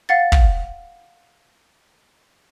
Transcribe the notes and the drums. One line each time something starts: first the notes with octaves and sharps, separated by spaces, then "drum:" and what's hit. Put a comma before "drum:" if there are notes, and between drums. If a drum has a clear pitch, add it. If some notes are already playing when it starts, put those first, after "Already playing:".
F5 F#5 A6
drum: kick